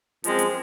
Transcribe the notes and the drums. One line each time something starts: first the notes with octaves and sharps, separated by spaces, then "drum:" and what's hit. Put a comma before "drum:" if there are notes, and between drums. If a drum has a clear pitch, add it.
F#2 F3 G#3 C4, drum: hi-hat
drum: hi-hat